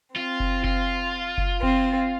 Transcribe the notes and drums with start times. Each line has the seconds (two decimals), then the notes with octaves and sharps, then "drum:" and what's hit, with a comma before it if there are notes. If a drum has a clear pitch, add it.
0.16 C4 F4
0.40 drum: kick F#1
0.64 F4, drum: kick F#1
1.38 drum: kick F#1
1.63 C4, drum: kick F#1